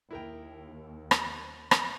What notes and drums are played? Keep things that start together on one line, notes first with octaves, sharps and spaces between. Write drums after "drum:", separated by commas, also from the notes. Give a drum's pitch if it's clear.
D#2 E4 A#4 G5
drum: rim click
drum: rim click